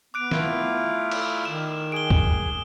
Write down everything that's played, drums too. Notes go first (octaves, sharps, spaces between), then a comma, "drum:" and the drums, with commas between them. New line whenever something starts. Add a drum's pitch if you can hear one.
B3 D6 F#6 D7
A3 E4 F4, drum: snare
A4, drum: cymbal
D#3 F6 E7
G#4 D7 G7
drum: kick C#2